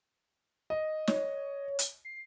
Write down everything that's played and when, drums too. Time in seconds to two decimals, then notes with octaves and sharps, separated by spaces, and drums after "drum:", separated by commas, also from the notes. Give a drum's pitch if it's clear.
0.70 D#5
1.07 C#5, drum: snare
1.79 drum: hi-hat
2.05 C7